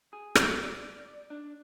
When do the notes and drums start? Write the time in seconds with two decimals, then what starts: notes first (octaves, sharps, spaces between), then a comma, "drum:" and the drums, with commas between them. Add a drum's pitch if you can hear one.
0.13 G#4
0.35 drum: rim click
0.63 D5
1.30 D4